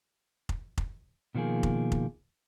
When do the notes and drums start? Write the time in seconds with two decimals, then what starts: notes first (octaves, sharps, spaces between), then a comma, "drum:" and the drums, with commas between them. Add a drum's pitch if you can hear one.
0.49 drum: kick F1
0.78 drum: kick F1
1.35 B2 D#3 F3 A#3 G#4
1.63 drum: kick F1
1.92 drum: kick F1